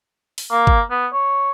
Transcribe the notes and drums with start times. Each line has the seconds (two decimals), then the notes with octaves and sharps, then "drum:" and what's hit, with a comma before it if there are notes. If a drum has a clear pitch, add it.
0.38 drum: open hi-hat
0.51 A#3
0.67 drum: kick
0.91 B3
1.13 C#5